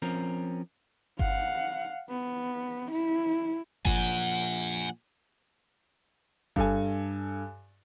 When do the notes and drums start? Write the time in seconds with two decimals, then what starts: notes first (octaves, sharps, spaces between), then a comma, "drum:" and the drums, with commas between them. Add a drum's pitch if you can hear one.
0.02 F3 C4 C#4 A#4
1.19 F5 F#5, drum: kick G1
2.09 B3
2.92 E4
3.85 A#2 F3 F#5 G#5, drum: kick G1
6.56 G2 A4 G#5, drum: kick G1